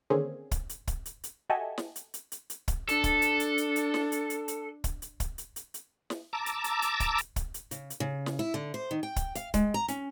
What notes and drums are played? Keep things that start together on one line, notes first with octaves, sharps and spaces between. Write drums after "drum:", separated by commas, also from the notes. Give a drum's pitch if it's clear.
D3 D#3 A#3 C4 C#4 G#4
drum: kick, hi-hat
drum: hi-hat
drum: kick, hi-hat
drum: hi-hat
drum: hi-hat
F#4 G4 A4 D#5 E5 G#5
drum: snare
drum: hi-hat
drum: hi-hat
drum: hi-hat
drum: hi-hat
drum: kick, hi-hat
D4 A4, drum: hi-hat
drum: kick, hi-hat
drum: hi-hat
drum: hi-hat
drum: hi-hat
drum: hi-hat
drum: snare
drum: hi-hat
drum: hi-hat
drum: hi-hat
drum: kick, hi-hat
drum: hi-hat
drum: kick, hi-hat
drum: hi-hat
drum: hi-hat
drum: hi-hat
drum: snare
A5 A#5 D6 E6
drum: hi-hat
drum: hi-hat
drum: hi-hat
drum: kick, hi-hat
drum: hi-hat
drum: kick, hi-hat
drum: hi-hat
C#3, drum: hi-hat
drum: hi-hat
C#3
drum: snare
E4
D3
C5
D#3
G5
drum: kick, hi-hat
F5, drum: hi-hat
G#3, drum: kick, hi-hat
A#5
C#4, drum: hi-hat